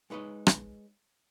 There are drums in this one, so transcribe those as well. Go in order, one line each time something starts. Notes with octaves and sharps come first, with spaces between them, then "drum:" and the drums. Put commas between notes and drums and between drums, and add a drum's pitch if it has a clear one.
G#3 D#4 B4 C#5 D#5
drum: rim click